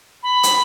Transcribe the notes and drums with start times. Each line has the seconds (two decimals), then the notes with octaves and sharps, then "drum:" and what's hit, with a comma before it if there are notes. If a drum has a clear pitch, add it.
0.23 B5
0.43 drum: hi-hat